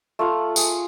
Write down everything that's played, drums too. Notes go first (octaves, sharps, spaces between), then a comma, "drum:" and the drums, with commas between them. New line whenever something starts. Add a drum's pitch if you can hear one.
A3 F4 F5 F#5
G#4 F5, drum: tambourine